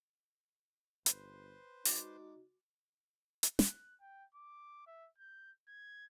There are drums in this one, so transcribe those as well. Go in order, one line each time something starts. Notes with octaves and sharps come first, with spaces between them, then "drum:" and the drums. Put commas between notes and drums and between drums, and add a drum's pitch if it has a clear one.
G1 B4 C5 C6, drum: hi-hat
G#3 D4 D#4 F#4 D6, drum: open hi-hat
drum: hi-hat
F#6, drum: snare
G5
D6
E5
G6
G#6